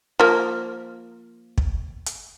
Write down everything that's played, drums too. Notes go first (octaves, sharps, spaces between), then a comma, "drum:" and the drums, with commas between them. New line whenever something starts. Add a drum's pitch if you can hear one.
F3 A#3
drum: kick
drum: hi-hat